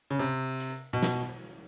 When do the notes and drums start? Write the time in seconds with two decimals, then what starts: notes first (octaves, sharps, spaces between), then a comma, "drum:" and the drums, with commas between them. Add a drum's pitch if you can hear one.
0.10 C#3
0.19 C3
0.60 drum: hi-hat
0.93 B2
1.03 drum: snare